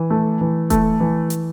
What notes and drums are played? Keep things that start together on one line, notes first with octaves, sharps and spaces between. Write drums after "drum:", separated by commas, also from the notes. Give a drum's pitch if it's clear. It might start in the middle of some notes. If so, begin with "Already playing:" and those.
Already playing: E3
A3
E3
A3, drum: kick D#1, hi-hat
E3
drum: hi-hat